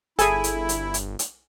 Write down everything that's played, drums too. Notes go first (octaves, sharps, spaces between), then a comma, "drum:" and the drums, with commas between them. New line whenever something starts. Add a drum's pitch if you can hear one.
G1 E4 G#4 A4 G#5 B5, drum: hi-hat
drum: hi-hat
drum: hi-hat
drum: hi-hat
drum: hi-hat